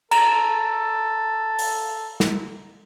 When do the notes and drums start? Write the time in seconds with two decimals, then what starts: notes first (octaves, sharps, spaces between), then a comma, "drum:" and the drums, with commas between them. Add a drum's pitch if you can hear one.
0.11 A4 A#5, drum: cymbal
1.59 drum: open hi-hat
2.20 drum: snare